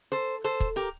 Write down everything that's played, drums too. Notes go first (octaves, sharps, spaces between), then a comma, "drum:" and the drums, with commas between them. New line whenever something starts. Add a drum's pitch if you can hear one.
A4 C5
A4 C5
drum: kick
G4 A#4